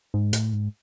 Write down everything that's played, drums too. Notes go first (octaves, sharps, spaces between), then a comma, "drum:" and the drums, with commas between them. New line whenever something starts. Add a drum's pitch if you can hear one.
G#2
A2, drum: hi-hat
G#2